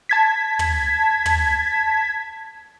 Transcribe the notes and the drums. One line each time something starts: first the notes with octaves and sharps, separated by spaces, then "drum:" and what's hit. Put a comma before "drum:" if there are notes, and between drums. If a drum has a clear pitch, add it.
A5 G#6 B6
drum: tom
drum: tom